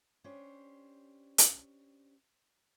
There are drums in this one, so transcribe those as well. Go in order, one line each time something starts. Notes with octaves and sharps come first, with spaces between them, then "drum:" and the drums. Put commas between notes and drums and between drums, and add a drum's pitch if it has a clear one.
C#4 D4 G4 C5
drum: hi-hat